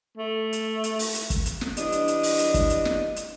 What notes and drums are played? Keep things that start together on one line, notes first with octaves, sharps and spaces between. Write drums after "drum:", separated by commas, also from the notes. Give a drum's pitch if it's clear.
A3
drum: hi-hat
drum: hi-hat
drum: open hi-hat
drum: hi-hat
drum: kick F#1, hi-hat
drum: hi-hat
drum: snare
E3 G3 D4 D#5, drum: hi-hat
drum: hi-hat
drum: hi-hat
drum: open hi-hat
drum: hi-hat
drum: kick F#1, hi-hat
drum: hi-hat
drum: snare
drum: hi-hat